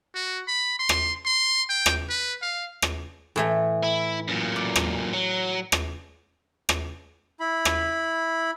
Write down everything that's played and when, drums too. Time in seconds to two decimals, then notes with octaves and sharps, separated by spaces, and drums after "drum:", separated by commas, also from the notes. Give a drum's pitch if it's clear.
0.15 F#4
0.48 B5
0.79 C6
0.89 drum: rim click
1.26 C6
1.70 G5
1.86 drum: rim click
2.09 B4
2.42 F5
2.82 drum: rim click
3.36 A2 E3 A3
3.83 E4
4.28 F#2 A#2
4.56 D5
4.76 drum: rim click
5.13 F#3
5.72 drum: rim click
6.69 drum: rim click
7.40 E4 B5
7.65 drum: rim click